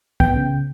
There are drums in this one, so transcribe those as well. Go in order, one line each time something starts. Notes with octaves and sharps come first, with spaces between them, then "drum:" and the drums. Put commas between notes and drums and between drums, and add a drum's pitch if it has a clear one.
B3 G5, drum: kick
C#3